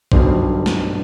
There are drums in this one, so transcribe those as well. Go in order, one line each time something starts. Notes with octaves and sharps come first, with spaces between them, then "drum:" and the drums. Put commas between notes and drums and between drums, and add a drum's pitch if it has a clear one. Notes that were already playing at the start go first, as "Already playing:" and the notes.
B1 G2 B2 D3 C5, drum: kick A#1
drum: snare